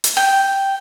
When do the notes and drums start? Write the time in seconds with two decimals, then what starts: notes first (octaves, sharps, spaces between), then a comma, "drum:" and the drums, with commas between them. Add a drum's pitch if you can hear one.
0.04 drum: hi-hat
0.17 G5